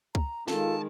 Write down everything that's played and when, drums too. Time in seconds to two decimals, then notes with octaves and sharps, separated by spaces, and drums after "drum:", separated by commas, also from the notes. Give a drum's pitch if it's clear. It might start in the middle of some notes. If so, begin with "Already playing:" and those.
0.15 A#5, drum: kick C#2
0.48 D#3 G#3 F4 A4 A5, drum: snare